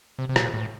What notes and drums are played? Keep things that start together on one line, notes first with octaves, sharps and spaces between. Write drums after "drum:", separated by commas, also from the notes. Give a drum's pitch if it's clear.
C3
C3
A#2, drum: rim click
A2